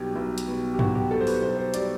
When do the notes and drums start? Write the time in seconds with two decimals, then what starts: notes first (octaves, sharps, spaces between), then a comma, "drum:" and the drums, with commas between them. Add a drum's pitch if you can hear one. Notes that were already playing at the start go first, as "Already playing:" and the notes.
Already playing: B1 B2 G3 G4
0.16 B1
0.38 drum: hi-hat
0.48 B2 G3
0.74 G4
0.79 B1 F#4, drum: tom
0.95 G4
1.11 B2 G3 A4
1.21 C5
1.27 B4, drum: open hi-hat
1.42 B1 C5
1.58 C5
1.74 B2 G3 D5, drum: hi-hat